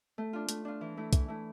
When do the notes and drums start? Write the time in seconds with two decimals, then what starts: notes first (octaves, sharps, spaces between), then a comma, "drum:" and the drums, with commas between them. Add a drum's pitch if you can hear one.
0.18 A3
0.33 D4 F4
0.49 A3, drum: hi-hat
0.65 D4 F4
0.81 E3
0.97 A3 E4
1.13 E3, drum: kick, hi-hat
1.28 A3 E4